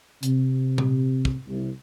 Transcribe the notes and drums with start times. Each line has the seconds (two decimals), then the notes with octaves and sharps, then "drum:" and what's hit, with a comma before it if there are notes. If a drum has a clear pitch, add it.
0.23 C3, drum: hi-hat
0.78 drum: tom A#2
1.25 drum: kick
1.47 C2